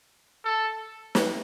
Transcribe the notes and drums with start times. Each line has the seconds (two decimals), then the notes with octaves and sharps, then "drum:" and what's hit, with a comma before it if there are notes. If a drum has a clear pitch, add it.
0.45 A4
1.15 drum: snare